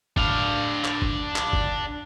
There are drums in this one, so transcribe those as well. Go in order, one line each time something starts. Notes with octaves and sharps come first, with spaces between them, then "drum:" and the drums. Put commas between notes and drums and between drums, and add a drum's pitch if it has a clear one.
D4 F5, drum: kick
drum: clap
drum: kick
drum: clap
drum: kick